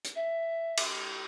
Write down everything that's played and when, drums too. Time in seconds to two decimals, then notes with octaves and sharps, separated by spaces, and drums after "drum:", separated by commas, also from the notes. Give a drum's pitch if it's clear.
0.04 drum: hi-hat
0.15 E5
0.77 drum: cymbal